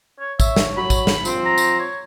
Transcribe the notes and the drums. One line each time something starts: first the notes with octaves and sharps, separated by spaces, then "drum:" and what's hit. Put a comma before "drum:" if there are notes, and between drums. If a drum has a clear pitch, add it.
C#5
C#5 E5, drum: kick, tambourine
drum: snare
F#3 B5
drum: kick, tambourine
drum: snare
F3 C4, drum: tambourine
A#5
drum: tambourine
C#5